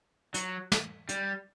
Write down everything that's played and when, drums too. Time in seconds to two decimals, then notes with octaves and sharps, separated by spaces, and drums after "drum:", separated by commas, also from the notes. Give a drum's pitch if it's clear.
0.34 F#3, drum: hi-hat
0.72 drum: snare
1.09 G3, drum: hi-hat